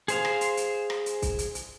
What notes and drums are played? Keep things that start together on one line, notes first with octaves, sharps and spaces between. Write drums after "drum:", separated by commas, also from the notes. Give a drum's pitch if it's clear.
G#4 C5 F5, drum: hi-hat
drum: rim click
drum: hi-hat
drum: hi-hat
drum: rim click
drum: hi-hat
drum: kick C2, hi-hat
drum: hi-hat
drum: hi-hat